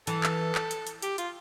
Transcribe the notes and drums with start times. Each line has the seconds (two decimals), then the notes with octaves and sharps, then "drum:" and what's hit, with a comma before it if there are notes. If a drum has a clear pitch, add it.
0.07 E3 A4, drum: hi-hat
0.23 drum: clap
0.55 drum: clap
0.71 drum: hi-hat
0.87 drum: hi-hat
1.02 G4, drum: hi-hat
1.18 F4, drum: hi-hat